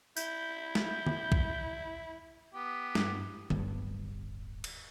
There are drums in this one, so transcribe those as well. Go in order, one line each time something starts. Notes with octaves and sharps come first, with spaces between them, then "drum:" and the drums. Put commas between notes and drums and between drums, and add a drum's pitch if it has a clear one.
E4 G6, drum: tambourine
drum: snare
drum: tom D3
drum: kick B1
B3 G4
G2, drum: snare
D1 G1 G2, drum: tom D3
drum: cymbal